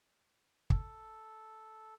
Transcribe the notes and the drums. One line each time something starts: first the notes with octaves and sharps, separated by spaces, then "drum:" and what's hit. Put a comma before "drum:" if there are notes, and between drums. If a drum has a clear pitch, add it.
A4, drum: kick